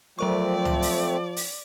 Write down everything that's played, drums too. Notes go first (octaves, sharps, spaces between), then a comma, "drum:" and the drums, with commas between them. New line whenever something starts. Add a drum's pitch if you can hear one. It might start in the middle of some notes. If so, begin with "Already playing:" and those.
F3 F#3 A3 C4 A#4 D5 C#6
drum: tom
drum: open hi-hat
drum: open hi-hat